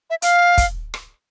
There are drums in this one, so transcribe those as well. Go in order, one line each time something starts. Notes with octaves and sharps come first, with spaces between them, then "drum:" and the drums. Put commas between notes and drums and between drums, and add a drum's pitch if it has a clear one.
E5
F5, drum: hi-hat
drum: kick, hi-hat
drum: rim click